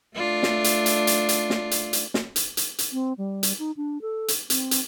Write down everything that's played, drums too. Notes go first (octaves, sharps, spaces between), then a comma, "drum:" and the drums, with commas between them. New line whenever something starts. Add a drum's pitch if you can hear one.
A3 D4 F4
drum: snare
drum: hi-hat
drum: hi-hat
drum: hi-hat
drum: hi-hat
drum: snare
drum: hi-hat
drum: hi-hat
drum: snare
drum: hi-hat
drum: hi-hat
drum: hi-hat
C4
G3
drum: hi-hat
D#4
D4
A4
drum: hi-hat
C4, drum: hi-hat
drum: hi-hat